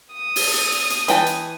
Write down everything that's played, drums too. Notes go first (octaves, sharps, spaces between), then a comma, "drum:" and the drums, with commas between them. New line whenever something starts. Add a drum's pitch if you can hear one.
D#6
drum: open hi-hat
drum: hi-hat
drum: hi-hat
drum: hi-hat
E3 G5 A5, drum: hi-hat
drum: hi-hat